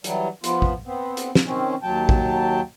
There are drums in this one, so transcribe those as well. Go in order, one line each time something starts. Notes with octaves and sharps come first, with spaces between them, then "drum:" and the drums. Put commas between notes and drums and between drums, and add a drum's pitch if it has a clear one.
E3 F#3 G3, drum: hi-hat
F3 B3 F4, drum: hi-hat
drum: kick A1
B3 C4
drum: hi-hat
drum: snare
D#3 C4 C#4
D#2 F#3 G5 A5
drum: kick A1